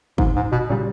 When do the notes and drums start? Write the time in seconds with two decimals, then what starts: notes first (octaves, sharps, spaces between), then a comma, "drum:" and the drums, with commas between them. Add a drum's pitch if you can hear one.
0.18 G#2, drum: kick G1
0.36 G#2
0.52 B2
0.69 A#2 C#3 G3